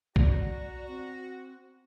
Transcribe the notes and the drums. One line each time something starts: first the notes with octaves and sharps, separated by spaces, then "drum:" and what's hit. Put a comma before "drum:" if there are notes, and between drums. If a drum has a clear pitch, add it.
F#4 D5 A#5, drum: kick A#1
C4